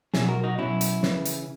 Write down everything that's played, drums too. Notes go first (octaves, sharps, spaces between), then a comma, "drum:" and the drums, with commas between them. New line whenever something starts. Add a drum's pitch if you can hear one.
B2 F#3 E4 G#4, drum: snare
F#4 A#4
D#4 F#4
B2 F#3 C#4 E4
drum: hi-hat
C#3 E3, drum: snare
drum: hi-hat